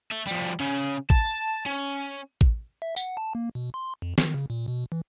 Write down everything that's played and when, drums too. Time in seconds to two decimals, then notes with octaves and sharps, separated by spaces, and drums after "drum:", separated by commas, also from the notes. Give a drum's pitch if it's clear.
0.11 E5 A5
0.27 F3 G3
0.60 C#3 C#4
1.10 A5, drum: kick A1
1.66 C#4
2.41 drum: kick A1
2.82 E5
2.96 F#5, drum: tambourine
3.17 A5
3.35 A#3
3.55 B2
3.74 C6
4.02 F2
4.18 D#3, drum: snare
4.34 C#3
4.50 A#2
4.68 B2
4.92 E3